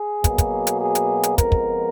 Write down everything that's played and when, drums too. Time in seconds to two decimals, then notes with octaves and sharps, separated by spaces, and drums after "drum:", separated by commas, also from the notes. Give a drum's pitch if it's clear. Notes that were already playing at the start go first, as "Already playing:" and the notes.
Already playing: G#4
0.24 B2 F#3 A#3, drum: kick, hi-hat
0.38 drum: kick, hi-hat
0.67 drum: hi-hat
0.80 G#4
0.95 drum: hi-hat
1.23 drum: hi-hat
1.38 F2 F3 G#3 B3 A#4, drum: kick, hi-hat
1.52 drum: kick